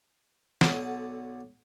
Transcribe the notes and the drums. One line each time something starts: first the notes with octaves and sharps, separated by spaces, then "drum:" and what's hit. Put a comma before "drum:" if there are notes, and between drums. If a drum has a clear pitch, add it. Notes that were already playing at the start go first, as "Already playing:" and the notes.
B1 D3 F#3 A5 D#6, drum: snare